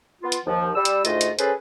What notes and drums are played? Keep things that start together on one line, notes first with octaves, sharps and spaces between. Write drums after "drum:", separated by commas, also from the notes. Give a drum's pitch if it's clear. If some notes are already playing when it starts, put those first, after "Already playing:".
B3 F4
drum: hi-hat
D#2 F3
G3 E6
drum: hi-hat
D2 G#2 A3 F4 D#5, drum: hi-hat
drum: hi-hat
C#4 G#4 A4 B4 C5, drum: hi-hat